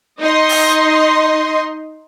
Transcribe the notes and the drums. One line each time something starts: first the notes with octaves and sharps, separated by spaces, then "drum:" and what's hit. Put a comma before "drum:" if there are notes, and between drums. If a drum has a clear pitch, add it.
D#4 D#5 C6
drum: open hi-hat